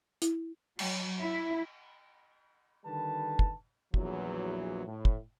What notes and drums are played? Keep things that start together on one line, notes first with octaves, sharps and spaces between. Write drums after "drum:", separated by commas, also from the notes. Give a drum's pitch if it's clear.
E4, drum: hi-hat
F#3, drum: cymbal
E4
D3 D#3 G3 B4 A5
drum: kick
A#1 E2 E3 F#3, drum: kick
A2
drum: kick